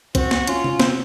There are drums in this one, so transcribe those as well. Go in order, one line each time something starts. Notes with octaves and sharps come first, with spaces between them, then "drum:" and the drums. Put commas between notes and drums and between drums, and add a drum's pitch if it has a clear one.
C4 F#4, drum: kick, hi-hat
drum: snare
C#4 F4, drum: hi-hat
C#4, drum: tom C3
C4, drum: snare